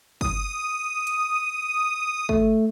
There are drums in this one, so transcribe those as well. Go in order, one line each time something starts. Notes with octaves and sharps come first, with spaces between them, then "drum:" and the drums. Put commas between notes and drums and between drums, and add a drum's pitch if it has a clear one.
D#6, drum: kick
drum: hi-hat
A3, drum: kick